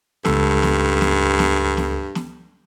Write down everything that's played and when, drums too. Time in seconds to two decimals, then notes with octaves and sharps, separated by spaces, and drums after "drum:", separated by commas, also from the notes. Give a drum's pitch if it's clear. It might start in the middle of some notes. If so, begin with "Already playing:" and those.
0.25 C#2 G2 A4, drum: snare
0.63 drum: snare
1.01 drum: snare
1.39 drum: snare
1.77 drum: snare
2.15 drum: snare